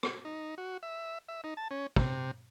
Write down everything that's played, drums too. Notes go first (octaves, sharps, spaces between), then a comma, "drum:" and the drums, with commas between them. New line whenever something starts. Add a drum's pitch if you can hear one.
drum: rim click
D#4
F#4
E5
E5
D#4
A5
C#4
C3, drum: kick